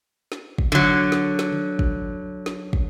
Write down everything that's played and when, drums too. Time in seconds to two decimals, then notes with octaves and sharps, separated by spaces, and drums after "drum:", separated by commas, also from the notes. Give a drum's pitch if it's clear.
0.32 drum: snare
0.58 drum: kick
0.72 D3 F#3
1.12 drum: snare
1.39 drum: snare
1.52 drum: tom D3
1.79 drum: kick
2.46 drum: snare
2.73 drum: kick